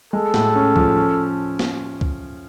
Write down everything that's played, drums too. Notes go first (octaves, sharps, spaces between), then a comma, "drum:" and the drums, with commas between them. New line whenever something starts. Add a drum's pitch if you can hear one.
G#3 A4
A2, drum: snare
C#4
F3, drum: kick
C#4
drum: snare
drum: kick